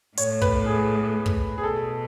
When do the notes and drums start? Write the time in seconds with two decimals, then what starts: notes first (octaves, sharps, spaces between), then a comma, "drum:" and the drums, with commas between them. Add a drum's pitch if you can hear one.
0.17 A2 C#5, drum: hi-hat
0.42 B4, drum: kick
0.66 G#4
1.26 drum: kick
1.58 G#4
1.63 B2 A4